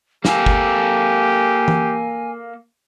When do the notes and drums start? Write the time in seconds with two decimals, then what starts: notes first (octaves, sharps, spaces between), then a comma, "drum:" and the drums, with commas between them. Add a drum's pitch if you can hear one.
0.25 A#3 G4 A4 G#5, drum: snare
0.46 drum: kick
1.68 drum: tom